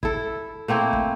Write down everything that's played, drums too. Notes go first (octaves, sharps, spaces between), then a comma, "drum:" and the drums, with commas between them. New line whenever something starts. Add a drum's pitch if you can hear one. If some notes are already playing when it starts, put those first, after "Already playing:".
E4 A4, drum: kick
A3 A#3 C4 E4
drum: kick